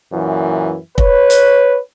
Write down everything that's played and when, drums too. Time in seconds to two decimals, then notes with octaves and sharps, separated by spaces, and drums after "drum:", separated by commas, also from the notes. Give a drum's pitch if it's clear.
0.13 F#2 A#2 E3
0.98 B4 C#5, drum: kick
1.30 drum: hi-hat